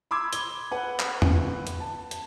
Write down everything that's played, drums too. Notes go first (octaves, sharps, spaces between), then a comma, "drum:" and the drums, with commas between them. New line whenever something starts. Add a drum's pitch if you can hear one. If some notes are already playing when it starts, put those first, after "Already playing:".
B5 C6 D6 E6 G#6
G7, drum: hi-hat
B4 F#5
drum: clap
drum: tom E2
drum: hi-hat
A5
drum: hi-hat